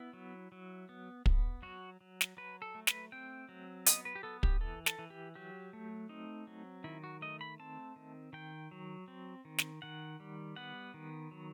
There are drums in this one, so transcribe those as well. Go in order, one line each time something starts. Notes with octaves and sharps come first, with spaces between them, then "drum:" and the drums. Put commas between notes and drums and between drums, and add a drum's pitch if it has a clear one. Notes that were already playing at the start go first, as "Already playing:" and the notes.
Already playing: B3 E4
F#3
F#3
B3
B3, drum: kick
F#3 F#4
F#3
drum: snare
F#3 B4
A4
A3
B4, drum: snare
C4 G5
F#3
B3 D#5, drum: hi-hat
B4
G4
B3 A4
G4, drum: kick
E3 A4
A4, drum: snare
E3
G4
F#3 G4
A3
C4 D#4
F#3
D#3 E4
F#4
A3 D#5
B5
C4 A5
D#3
D#3 G5
F#3
C4
D#3
drum: snare
D#3 F#5
G3
B3 F#5
D#3
F#3